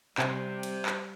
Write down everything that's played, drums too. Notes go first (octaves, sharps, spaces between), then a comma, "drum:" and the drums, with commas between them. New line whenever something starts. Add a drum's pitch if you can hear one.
C3 G3 G4 C5, drum: clap
drum: cymbal
drum: clap